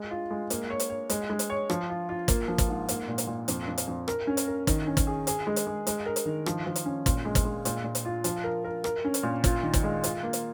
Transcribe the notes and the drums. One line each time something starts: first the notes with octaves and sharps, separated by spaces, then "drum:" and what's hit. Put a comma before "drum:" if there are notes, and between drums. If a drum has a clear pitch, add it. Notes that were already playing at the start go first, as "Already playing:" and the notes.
Already playing: G#3
F4
G#3
A#3, drum: hi-hat
C#5
drum: hi-hat
C#5
G#3, drum: hi-hat
G#3
drum: hi-hat
C#5
F3, drum: rim click
F4
F4
A#3, drum: kick, hi-hat
F3
drum: kick, hi-hat
G#2
A#3, drum: hi-hat
A#2
drum: hi-hat
A#2
F2, drum: hi-hat
F2
drum: hi-hat
F2
A#4, drum: rim click
C#4
drum: hi-hat
A#4
D#3, drum: kick, hi-hat
C#4
drum: kick, hi-hat
G#4
G#4, drum: hi-hat
G#3
drum: hi-hat
G#3
G#3, drum: hi-hat
A#4
drum: hi-hat
D#3
F3, drum: rim click
F3
drum: hi-hat
C#4
A#2, drum: kick, hi-hat
G#3
drum: kick, hi-hat
G#3
A#2, drum: hi-hat
A#2
drum: hi-hat
F4
F3, drum: hi-hat
A#4
A#4
A#4, drum: rim click
C#4
drum: hi-hat
A#2
F4, drum: kick, hi-hat
D#3
drum: kick, hi-hat
G#3
F4, drum: hi-hat
A#3
drum: hi-hat